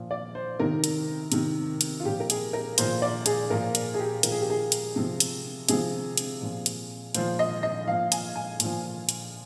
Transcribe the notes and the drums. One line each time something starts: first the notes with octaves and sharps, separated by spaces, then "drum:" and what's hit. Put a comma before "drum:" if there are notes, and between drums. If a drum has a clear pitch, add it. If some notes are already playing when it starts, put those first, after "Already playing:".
Already playing: A#2 F3
D5
C5
C3 D#3 A#4
drum: hi-hat
C3 D#3, drum: hi-hat
drum: hi-hat
F4
A#2 F3 G4
A#4
G#4, drum: hi-hat
A#4
A#2 F3 C5, drum: hi-hat
D5
G#4, drum: hi-hat
A#2 F3 A#4
drum: hi-hat
G#4
G4
A#2 F3 A#4, drum: hi-hat
G#4
G4
G#4
drum: hi-hat
C3 F3
drum: hi-hat
C3 F3 G#4, drum: hi-hat
drum: hi-hat
A#2 F3
drum: hi-hat
A#2 F3 C5, drum: hi-hat
D#5
D#5
A#2 F3 F5
G#5, drum: hi-hat
G#5
A#2 F3, drum: hi-hat
drum: hi-hat